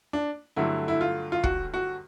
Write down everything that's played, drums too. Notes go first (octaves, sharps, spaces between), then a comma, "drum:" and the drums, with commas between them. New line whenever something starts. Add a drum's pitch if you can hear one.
D4
G2 D3 F#3 A3 E4
E4
F4
F4
F#4, drum: kick
F#4